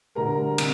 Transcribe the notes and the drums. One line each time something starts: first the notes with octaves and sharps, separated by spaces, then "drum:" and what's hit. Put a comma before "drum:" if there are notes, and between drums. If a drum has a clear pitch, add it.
D2 D3 G3 A#4 A#5
C3, drum: cymbal